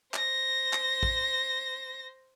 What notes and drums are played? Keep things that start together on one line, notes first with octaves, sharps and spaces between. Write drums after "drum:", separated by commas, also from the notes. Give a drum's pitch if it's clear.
C5 A#6, drum: clap
drum: clap
drum: kick A1